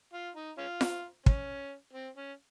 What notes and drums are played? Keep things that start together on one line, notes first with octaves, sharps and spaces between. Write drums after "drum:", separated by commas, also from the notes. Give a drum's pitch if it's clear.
F4
D#4
C#4 F4
drum: snare F4
C#4, drum: kick
C4
C#4